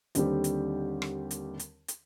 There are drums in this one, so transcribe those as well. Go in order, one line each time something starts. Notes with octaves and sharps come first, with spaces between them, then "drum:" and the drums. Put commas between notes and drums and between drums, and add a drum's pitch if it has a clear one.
D#2 D3 G3 C4 G4, drum: hi-hat
drum: hi-hat
drum: rim click
drum: hi-hat
drum: hi-hat
drum: hi-hat